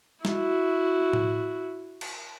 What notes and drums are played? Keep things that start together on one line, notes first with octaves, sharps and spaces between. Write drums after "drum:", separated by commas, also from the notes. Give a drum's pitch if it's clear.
E4 F#4, drum: snare
drum: tom A2
drum: cymbal